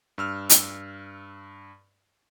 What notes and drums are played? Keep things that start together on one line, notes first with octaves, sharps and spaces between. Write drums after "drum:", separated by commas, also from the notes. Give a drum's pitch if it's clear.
G2 E6 F6
drum: hi-hat